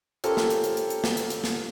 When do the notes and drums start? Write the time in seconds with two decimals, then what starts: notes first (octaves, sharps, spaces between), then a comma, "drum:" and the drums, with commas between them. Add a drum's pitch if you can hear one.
0.24 C#4 F4 G4 A4 A#4 C5, drum: hi-hat
0.37 drum: snare
0.50 drum: hi-hat
0.64 drum: hi-hat
0.77 drum: hi-hat
0.90 drum: hi-hat
1.04 drum: snare
1.17 drum: hi-hat
1.30 drum: hi-hat
1.44 drum: snare